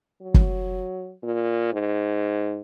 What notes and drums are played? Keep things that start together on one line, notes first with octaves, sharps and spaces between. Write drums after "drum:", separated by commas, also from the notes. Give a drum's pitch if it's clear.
F#3
drum: kick
A#2
G#2